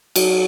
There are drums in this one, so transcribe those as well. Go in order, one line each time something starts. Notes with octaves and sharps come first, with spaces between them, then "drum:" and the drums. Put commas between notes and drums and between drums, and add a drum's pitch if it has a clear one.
F#3, drum: cymbal